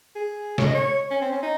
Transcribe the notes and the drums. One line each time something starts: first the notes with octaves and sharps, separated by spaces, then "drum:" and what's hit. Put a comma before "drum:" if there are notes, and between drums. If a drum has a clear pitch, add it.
G#4
C#5, drum: snare
D#5
C#5
C#4
C4
C#4
D#4